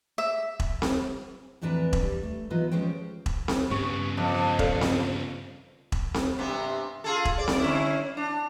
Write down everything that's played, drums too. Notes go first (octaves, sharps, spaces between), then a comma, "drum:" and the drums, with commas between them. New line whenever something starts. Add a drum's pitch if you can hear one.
E5
drum: kick E1
drum: snare C4
F2 A2 E3 D4 B4 A#5
drum: kick E1
G3
A3
E3 F#3 B3 D#4 F4 B4
D#2 F3 G#3 C#4 C5 G5
drum: kick E1
drum: snare C4
G2 C#3 B3 C#6
F2
A4 D5 F5, drum: kick E1
drum: snare C4
drum: kick E1
drum: snare C4
G2 C3 B3
F4 G#4 A4
drum: kick E1
D5
drum: snare C4
D3 C#4 E4
D4